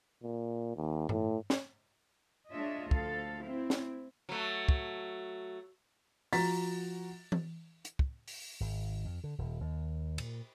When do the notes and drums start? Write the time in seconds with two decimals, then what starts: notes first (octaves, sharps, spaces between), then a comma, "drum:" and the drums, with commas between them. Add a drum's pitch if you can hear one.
0.23 A#2
0.76 D#2
1.09 A2, drum: tom G2
1.50 drum: snare
2.51 G#3 D4 F4 C#5 D#5 E5
2.91 D2 F3 A4 F5, drum: kick
3.43 C4 E4
3.70 drum: snare
4.29 F#3 A3
4.69 drum: kick
6.33 F3 F#4 A#5 A6 B6, drum: open hi-hat
7.32 drum: tom E3
7.85 drum: hi-hat
7.99 drum: kick
8.28 drum: open hi-hat
8.60 G#1
9.05 F2
9.24 D3
9.38 D#1
9.61 D#2
10.18 A#2, drum: cymbal